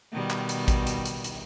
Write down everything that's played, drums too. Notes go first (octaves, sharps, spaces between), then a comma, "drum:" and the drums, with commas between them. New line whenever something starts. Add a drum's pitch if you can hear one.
B2 D#3 G3
drum: clap
drum: hi-hat
drum: kick A1, hi-hat
drum: hi-hat
drum: hi-hat
drum: hi-hat